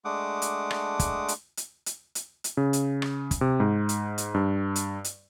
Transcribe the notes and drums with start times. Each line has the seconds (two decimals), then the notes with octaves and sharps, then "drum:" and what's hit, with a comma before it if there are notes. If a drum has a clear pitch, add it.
0.05 G#3 A3 D4 F#5 D6 D#6
0.42 drum: hi-hat
0.71 drum: rim click
0.99 drum: kick, hi-hat
1.28 drum: hi-hat
1.57 drum: hi-hat
1.86 drum: hi-hat
2.15 drum: hi-hat
2.44 drum: hi-hat
2.57 C#3
2.73 drum: hi-hat
3.02 drum: rim click
3.31 drum: kick, hi-hat
3.41 C3
3.60 G#2
3.89 drum: hi-hat
4.18 drum: hi-hat
4.34 G2
4.76 drum: hi-hat
5.04 drum: hi-hat